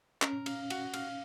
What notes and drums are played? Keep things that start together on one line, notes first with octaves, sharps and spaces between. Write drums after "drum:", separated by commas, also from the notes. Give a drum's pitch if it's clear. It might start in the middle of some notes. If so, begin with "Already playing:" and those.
C#4 A#4, drum: clap
F5, drum: cymbal
F#4, drum: cymbal
F5, drum: cymbal